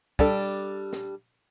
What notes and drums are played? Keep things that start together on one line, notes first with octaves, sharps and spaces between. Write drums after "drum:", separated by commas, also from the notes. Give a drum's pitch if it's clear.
G3 D4 A4, drum: kick
drum: snare